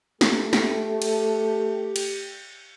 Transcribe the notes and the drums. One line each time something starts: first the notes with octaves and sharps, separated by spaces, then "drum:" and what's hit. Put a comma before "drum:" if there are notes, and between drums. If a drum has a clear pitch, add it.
A3 G4, drum: snare
drum: snare
drum: cymbal
drum: cymbal